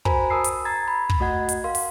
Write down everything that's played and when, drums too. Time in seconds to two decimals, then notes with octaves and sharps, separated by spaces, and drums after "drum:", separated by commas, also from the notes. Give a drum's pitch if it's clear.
0.05 F#4 A#4 C5 G#5 A#5 B5, drum: kick
0.30 A#4 A5 D#6 E6 C7
0.44 drum: hi-hat
0.65 A#5 G#6 A6
0.88 B5
1.09 drum: kick
1.20 A3 F#4 D#5 F#5 G#6
1.49 drum: hi-hat
1.64 A#4 F5 C6
1.75 drum: open hi-hat